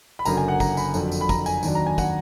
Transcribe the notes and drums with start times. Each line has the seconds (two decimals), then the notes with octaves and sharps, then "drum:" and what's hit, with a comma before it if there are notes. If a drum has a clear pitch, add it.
0.19 B5
0.25 F#1 F#2 D3 A#5, drum: tambourine
0.37 G#5
0.48 F#5
0.60 A#5, drum: kick, tambourine
0.77 B5, drum: tambourine
0.94 F2 D3 F#3, drum: tambourine
1.12 drum: tambourine
1.21 B5
1.29 A#5, drum: kick, tambourine
1.46 G#5, drum: tambourine
1.63 D#2 D#3 F#3 D4, drum: tambourine
1.75 A#5
1.87 G#5
1.98 F#5, drum: kick, tambourine